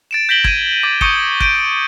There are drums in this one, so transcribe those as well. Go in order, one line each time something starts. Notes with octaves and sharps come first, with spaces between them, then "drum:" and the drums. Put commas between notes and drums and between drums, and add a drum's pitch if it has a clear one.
A6 D7 E7
G6 A#6 B6 D7 F#7 G7
G#6 D#7, drum: kick
D6 A6
C#6 D#6 G6 C#7 D#7 G7, drum: kick
G6 D7 D#7, drum: kick